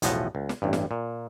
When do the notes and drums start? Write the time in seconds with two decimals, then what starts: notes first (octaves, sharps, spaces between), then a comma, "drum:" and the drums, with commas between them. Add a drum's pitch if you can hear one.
0.02 B1 E2 A2 F3 D#5 F#5, drum: hi-hat
0.35 C#2
0.49 drum: snare
0.62 A1 G2
0.73 drum: snare
0.91 A#2